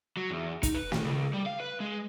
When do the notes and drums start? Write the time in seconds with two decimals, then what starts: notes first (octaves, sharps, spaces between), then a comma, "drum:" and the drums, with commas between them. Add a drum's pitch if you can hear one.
0.17 F#3
0.30 E2
0.63 D#4, drum: kick, hi-hat
0.74 B4
0.92 D#3, drum: snare
1.05 C#2
1.33 G3
1.46 F5
1.60 B4
1.80 G#3